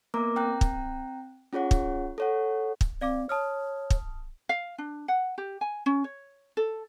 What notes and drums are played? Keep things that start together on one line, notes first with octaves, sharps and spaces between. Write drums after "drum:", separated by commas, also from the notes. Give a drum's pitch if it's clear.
A#3 B3 A#4 A#5 D6
C4 G5 A#5 F#6
drum: kick
C#4 F4 G#4 C#5 F#5
drum: kick
A4 C#5 F#5
drum: kick
C4 D5 F5 D6
C#5 A5 D#6 F6
drum: kick
F5
D4
F#5
G4
G#5
C#4
C#5
A4